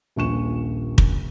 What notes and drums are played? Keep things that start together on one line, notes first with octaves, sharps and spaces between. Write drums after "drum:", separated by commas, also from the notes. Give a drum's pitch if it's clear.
D#1 A#1 C#6 E7
drum: kick